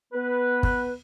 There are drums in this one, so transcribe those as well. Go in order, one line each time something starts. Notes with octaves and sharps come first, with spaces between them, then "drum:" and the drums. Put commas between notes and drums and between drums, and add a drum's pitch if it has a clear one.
B3 B4
drum: kick